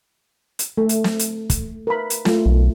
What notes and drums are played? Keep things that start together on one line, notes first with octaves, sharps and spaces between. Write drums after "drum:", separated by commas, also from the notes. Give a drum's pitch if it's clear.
drum: hi-hat
A3 A4
drum: hi-hat
drum: snare
drum: hi-hat
drum: kick, hi-hat
A#4 B4 B5
drum: hi-hat
A3 F4, drum: snare
B1